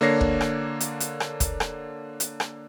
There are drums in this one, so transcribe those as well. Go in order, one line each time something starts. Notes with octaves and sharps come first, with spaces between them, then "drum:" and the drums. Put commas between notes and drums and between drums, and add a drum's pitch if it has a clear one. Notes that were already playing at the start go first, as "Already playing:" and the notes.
D3 A#3 D4 C#5 A#6 C7
drum: kick
drum: rim click
drum: hi-hat
drum: hi-hat
drum: rim click
drum: kick, hi-hat
drum: rim click
drum: hi-hat
drum: rim click